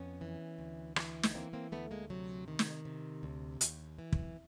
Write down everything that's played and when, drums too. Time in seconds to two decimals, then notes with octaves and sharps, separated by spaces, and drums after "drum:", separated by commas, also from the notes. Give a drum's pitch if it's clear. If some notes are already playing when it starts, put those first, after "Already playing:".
Already playing: F2 B3 C#4
0.21 E3
0.59 D2
0.96 E3, drum: rim click
1.23 drum: snare
1.34 E3 A#3 C4
1.53 A#3 C4
1.72 D2 A3 B3
1.91 G#3 A#3
2.10 C3 F#3
2.48 D#3
2.59 drum: snare
2.85 C3
3.23 D2
3.61 D#2, drum: hi-hat
3.99 E3
4.12 drum: kick